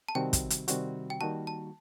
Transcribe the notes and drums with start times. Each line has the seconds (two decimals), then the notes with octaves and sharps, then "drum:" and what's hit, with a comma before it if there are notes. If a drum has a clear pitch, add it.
0.08 A5
0.15 C3 D#3 G3 C4 F#4 G5
0.33 drum: kick, hi-hat
0.50 drum: hi-hat
0.68 C3 D#3 G3 C4 F#4, drum: hi-hat
1.10 G5
1.21 D#3 G3 A#3 D#4 F#4 A5
1.47 A5